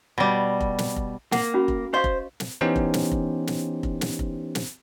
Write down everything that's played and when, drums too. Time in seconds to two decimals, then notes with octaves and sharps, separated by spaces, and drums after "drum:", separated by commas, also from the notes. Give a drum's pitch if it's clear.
0.18 B2 G3
0.61 drum: kick F1
0.78 drum: snare
0.96 drum: kick F1
1.32 A#3 F#5, drum: snare
1.54 C#4 F#4 B5
1.68 drum: kick F1
1.94 C5 D#5 F5 C#6
2.04 drum: kick F1
2.40 drum: snare
2.61 E3 B3 C#4 D#4 G4 C5
2.76 drum: kick F1
2.94 drum: snare
3.12 drum: kick F1
3.47 drum: snare
3.83 drum: kick F1
4.01 drum: snare
4.19 drum: kick F1
4.55 drum: snare